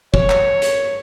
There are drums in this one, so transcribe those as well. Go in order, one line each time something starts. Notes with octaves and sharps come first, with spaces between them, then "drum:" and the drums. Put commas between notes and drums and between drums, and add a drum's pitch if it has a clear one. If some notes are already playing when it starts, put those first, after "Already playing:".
C#5, drum: kick
drum: clap
drum: hi-hat